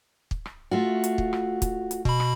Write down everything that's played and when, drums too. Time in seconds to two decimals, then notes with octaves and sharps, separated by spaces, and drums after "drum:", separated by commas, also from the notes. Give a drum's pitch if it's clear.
0.31 drum: kick
0.46 drum: rim click
0.71 A3 F4 F#4
1.04 drum: hi-hat
1.18 drum: kick
1.33 drum: rim click
1.62 drum: kick, hi-hat
1.91 drum: hi-hat
2.05 B2 B5, drum: kick
2.20 drum: rim click